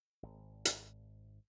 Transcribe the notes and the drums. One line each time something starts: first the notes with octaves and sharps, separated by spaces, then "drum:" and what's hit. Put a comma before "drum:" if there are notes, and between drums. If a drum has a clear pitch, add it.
G#1
drum: hi-hat